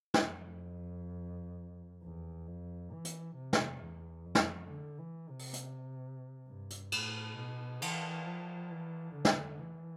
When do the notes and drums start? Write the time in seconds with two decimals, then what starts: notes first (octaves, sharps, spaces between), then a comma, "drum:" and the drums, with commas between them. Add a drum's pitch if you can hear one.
0.14 drum: snare
0.23 F2
2.03 E2
2.47 F2
2.92 E3
3.05 drum: hi-hat
3.36 C3
3.53 drum: snare
3.80 E2
4.25 F2
4.35 drum: snare
4.69 D3
4.99 E3
5.29 C3
5.39 drum: open hi-hat
5.53 drum: hi-hat
6.48 G2
6.70 drum: hi-hat
6.92 A2, drum: cymbal
7.36 B2
7.82 E3, drum: cymbal
8.26 F3
8.70 E3
9.14 D3
9.25 drum: snare
9.59 E3